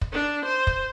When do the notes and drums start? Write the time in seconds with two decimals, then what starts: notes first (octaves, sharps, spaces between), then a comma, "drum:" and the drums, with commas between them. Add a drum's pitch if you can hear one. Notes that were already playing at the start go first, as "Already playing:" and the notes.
0.01 drum: kick
0.13 D4
0.45 C5
0.67 drum: kick